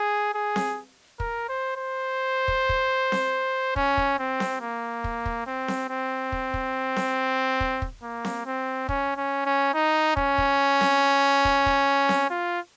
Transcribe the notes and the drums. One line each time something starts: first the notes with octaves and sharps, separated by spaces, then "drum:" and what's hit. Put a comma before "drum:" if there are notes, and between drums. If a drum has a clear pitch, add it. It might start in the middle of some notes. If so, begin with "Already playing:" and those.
Already playing: G#4
G#4
drum: snare C4
A#4, drum: kick
C5
C5
drum: kick
drum: kick
drum: snare C4
C#4, drum: kick
drum: kick
C4
drum: snare C4
A#3
drum: kick
drum: kick
C4
drum: snare C4
C4
drum: kick
drum: kick
drum: snare C4
drum: kick
drum: kick
A#3
drum: snare C4
C4
C#4, drum: kick
C#4
C#4
D#4
C#4, drum: kick
drum: kick
drum: snare C4
drum: kick
drum: kick
drum: snare C4
F4